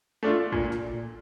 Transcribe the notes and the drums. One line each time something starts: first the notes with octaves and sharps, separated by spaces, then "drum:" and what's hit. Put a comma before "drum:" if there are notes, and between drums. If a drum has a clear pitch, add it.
A3 D4 F4
A#2, drum: kick
drum: snare
drum: tom A#2